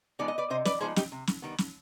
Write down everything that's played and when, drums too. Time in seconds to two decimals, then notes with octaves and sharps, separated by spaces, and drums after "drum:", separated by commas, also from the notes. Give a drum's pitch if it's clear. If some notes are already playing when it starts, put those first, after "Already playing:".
0.19 F3 G#3 B3 D#4 D5
0.28 D#5
0.38 B4 D5
0.50 C3 C5 D#5
0.65 B4 D5, drum: snare
0.80 F3 G#3 B3 D#4 G#4 C5
0.96 D#4 G4, drum: snare
1.12 C3
1.27 drum: snare
1.42 D#3 G3 B3
1.58 drum: snare